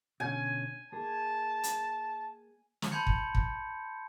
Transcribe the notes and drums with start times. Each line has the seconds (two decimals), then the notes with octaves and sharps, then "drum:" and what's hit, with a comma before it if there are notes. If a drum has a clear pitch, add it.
0.20 B2 D3 C#4 G#5
0.92 A#3 G#4 A5
1.63 drum: hi-hat
2.82 drum: snare
2.91 A5 B5 C6 G6 G#6 C#7
3.07 drum: kick
3.35 drum: kick